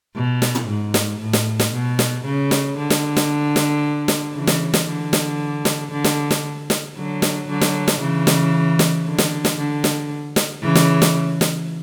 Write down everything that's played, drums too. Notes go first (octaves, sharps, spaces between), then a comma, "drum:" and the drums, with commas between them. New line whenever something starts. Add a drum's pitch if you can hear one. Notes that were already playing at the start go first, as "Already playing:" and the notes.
B2
drum: snare
drum: tom
G#2
drum: snare
A2
drum: snare
drum: snare
B2
drum: snare
C#3
drum: snare
D3
drum: snare
drum: snare
drum: snare
drum: snare
C#3 E3
drum: snare
drum: snare
D3
drum: snare
drum: snare
D3
drum: snare
drum: snare
drum: snare
D3 F#3
drum: snare
D3 F#3
drum: snare
drum: snare
C#3 E3
drum: snare
drum: snare
D3
drum: snare
drum: snare
D3
drum: snare
drum: snare
C#3 E3
drum: snare
drum: snare
drum: snare